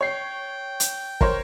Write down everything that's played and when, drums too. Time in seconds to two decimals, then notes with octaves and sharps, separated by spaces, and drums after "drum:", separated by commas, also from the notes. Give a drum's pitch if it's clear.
0.01 C#5 G5 C7
0.80 drum: hi-hat
1.21 A#4 C5 C#5, drum: kick